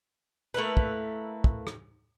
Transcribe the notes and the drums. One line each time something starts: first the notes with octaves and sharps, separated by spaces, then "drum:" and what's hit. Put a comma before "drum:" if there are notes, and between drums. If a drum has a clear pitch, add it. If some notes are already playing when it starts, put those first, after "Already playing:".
A3 A#3 E4 B4
drum: kick
drum: kick
drum: rim click